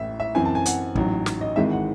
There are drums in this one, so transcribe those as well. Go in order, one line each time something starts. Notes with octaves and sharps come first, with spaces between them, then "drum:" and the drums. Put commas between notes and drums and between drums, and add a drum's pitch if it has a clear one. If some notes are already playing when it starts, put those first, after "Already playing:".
Already playing: A1 A2 E3 E5
E5
F#2 E3 C4 G#5
A5
G#5
F#5, drum: hi-hat
A1 G#2 F#3, drum: kick
drum: snare
D#5
G#1 G#2 E3 G#3 C4 E5
F#5